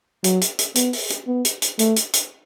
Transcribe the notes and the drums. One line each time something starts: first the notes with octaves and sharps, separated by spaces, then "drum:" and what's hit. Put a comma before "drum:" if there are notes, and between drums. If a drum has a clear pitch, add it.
F#3, drum: hi-hat
drum: hi-hat
drum: hi-hat
B3, drum: hi-hat
drum: open hi-hat
drum: hi-hat
B3
drum: hi-hat
drum: hi-hat
A3, drum: hi-hat
drum: hi-hat
drum: hi-hat